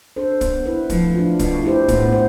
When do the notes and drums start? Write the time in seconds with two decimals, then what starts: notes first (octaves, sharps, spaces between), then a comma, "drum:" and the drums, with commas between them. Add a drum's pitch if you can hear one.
0.16 D4 A4 C5
0.41 B3, drum: kick, hi-hat
0.66 E4 B4
0.90 F3 A3, drum: kick, hi-hat
1.15 D4 F4
1.39 B2 A3, drum: kick, hi-hat
1.64 E4 G4 C5
1.88 A2 B3, drum: kick, hi-hat
2.13 C5